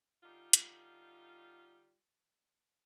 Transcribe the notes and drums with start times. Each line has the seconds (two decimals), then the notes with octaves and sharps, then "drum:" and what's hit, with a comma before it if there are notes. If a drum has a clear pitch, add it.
0.23 D3 G3 D#4 F4
0.53 drum: hi-hat